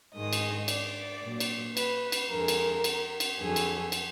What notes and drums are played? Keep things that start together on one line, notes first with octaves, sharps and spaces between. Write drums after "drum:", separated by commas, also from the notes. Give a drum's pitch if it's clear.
G#2 D#3 G#3 D#5
drum: cymbal
D5, drum: cymbal
A#2 F#3
drum: cymbal
B4, drum: cymbal
drum: cymbal
F2 D3 G#3 A#4
drum: cymbal
drum: cymbal
drum: cymbal
F2 D3 F#3 G#4
drum: cymbal
drum: cymbal